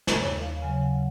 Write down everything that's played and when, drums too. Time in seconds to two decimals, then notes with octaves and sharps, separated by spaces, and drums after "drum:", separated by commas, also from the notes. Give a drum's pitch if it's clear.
0.07 drum: snare
0.20 D#2 C#5
0.41 F5
0.62 C#3 F#3 G#5
0.83 F#5